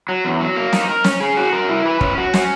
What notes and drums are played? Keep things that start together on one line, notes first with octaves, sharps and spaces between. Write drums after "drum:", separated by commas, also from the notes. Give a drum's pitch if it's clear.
F#3
E2
F#3
A#3
D#4, drum: snare
A#4
C#4, drum: snare
G#4
F#4
A#4
E4
B4
C#4, drum: kick
F#4
C#4, drum: snare